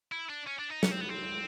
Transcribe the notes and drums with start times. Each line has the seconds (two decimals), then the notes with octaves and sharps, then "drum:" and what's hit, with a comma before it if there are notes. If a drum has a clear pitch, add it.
0.12 E4
0.30 D4
0.47 C#4
0.59 D4
0.71 D#4
0.83 C#4, drum: snare
0.92 C4
1.01 B3
1.09 C4